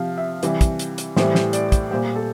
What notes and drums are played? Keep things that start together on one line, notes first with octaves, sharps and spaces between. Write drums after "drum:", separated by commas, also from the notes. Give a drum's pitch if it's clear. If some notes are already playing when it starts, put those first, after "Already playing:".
Already playing: C3 F3 F5
E5
C3 E3 G3, drum: hi-hat
drum: kick, hi-hat
drum: hi-hat
drum: hi-hat
A2 E3 G3 C5, drum: snare
drum: snare
D5, drum: hi-hat
drum: kick, hi-hat
A#2 G3 C5
A4